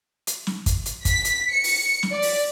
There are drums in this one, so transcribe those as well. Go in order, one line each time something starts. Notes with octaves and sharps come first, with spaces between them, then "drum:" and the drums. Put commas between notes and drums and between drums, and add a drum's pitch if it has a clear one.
drum: hi-hat
drum: snare
drum: kick, hi-hat
drum: hi-hat
B6, drum: kick, hi-hat
drum: hi-hat
C#7
drum: open hi-hat
drum: snare
D5
drum: open hi-hat